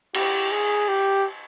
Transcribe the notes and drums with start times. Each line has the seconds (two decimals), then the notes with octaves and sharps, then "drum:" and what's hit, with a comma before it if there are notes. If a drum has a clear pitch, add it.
0.14 G4, drum: cymbal
0.51 G#4
0.88 G4